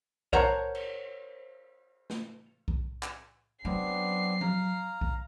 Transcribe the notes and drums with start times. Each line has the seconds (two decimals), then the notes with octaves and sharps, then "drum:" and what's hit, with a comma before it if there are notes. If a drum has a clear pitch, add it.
0.33 A#4 C5 C#5 F#5 A5 A#5, drum: kick B1
0.75 drum: cymbal
2.10 drum: snare
2.68 drum: kick B1
3.03 drum: clap
3.65 F#3 B3 C4 D4 C7
4.41 F5 A#5, drum: tom F3
5.01 drum: kick B1